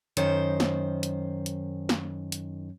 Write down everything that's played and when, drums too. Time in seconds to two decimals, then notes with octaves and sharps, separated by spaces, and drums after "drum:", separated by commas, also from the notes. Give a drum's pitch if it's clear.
0.17 F#2 D#3 C5, drum: hi-hat
0.60 drum: snare
1.03 drum: hi-hat
1.46 drum: hi-hat
1.89 drum: snare
2.32 drum: hi-hat